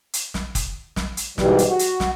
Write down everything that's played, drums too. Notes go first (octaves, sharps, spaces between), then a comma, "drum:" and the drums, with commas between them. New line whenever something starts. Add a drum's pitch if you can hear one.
drum: hi-hat
drum: snare
drum: kick, hi-hat
drum: snare
drum: hi-hat
G#2 B2 E3 G3, drum: snare
drum: hi-hat
F#4
drum: hi-hat
drum: snare